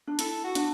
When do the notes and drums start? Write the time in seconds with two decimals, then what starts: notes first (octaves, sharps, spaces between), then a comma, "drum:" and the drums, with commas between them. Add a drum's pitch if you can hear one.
0.07 D4
0.19 E4 A4, drum: hi-hat
0.44 F#4
0.55 D4, drum: hi-hat